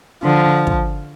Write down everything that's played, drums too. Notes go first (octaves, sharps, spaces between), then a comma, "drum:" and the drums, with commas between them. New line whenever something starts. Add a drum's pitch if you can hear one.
D3 F3
drum: kick